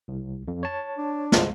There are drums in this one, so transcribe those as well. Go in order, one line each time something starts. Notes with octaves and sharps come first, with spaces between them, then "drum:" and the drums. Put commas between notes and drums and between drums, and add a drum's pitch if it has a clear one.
C2
F2
C#5 A5
D4
C2 G#3, drum: snare